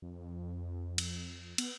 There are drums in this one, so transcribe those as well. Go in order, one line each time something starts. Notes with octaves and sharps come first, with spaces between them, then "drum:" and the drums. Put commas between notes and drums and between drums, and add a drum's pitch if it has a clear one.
F2
drum: cymbal
B3, drum: cymbal